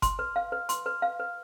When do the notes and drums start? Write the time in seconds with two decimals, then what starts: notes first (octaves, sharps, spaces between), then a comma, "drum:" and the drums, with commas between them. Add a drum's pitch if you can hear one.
0.02 C6, drum: kick G1, hi-hat
0.19 B4
0.36 F5
0.52 B4
0.69 C6, drum: hi-hat
0.86 B4
1.02 F5
1.19 B4